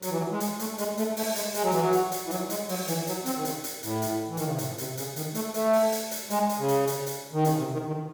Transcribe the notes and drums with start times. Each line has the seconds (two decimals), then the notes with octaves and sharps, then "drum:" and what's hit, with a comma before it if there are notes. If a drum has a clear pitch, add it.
0.02 F#3, drum: hi-hat
0.10 E3
0.17 F#3
0.31 G#3
0.40 drum: hi-hat
0.59 A3, drum: hi-hat
0.78 G#3, drum: hi-hat
0.98 A3, drum: hi-hat
1.17 A3, drum: open hi-hat
1.35 G#3, drum: hi-hat
1.54 G#3, drum: hi-hat
1.63 F#3
1.71 E3, drum: hi-hat
1.80 F#3
1.93 drum: hi-hat
2.12 drum: hi-hat
2.26 E3
2.31 F#3, drum: hi-hat
2.50 G#3, drum: hi-hat
2.69 F#3, drum: open hi-hat
2.87 E3, drum: hi-hat
3.07 F#3, drum: hi-hat
3.26 C4, drum: hi-hat
3.36 D#3
3.45 C#3, drum: hi-hat
3.64 drum: hi-hat
3.83 A2, drum: hi-hat
4.02 drum: hi-hat
4.29 E3
4.37 D#3, drum: hi-hat
4.44 C#3
4.51 C3
4.58 A2, drum: hi-hat
4.78 C3, drum: hi-hat
4.97 C#3, drum: hi-hat
5.16 D#3, drum: hi-hat
5.35 A3, drum: hi-hat
5.54 A3, drum: hi-hat
5.73 drum: open hi-hat
5.92 drum: hi-hat
6.11 drum: hi-hat
6.30 G#3, drum: hi-hat
6.49 drum: hi-hat
6.59 C#3
6.68 drum: hi-hat
6.87 drum: hi-hat
7.06 drum: hi-hat
7.33 D#3
7.45 C#3, drum: hi-hat
7.58 C3
7.73 D#3
7.87 D#3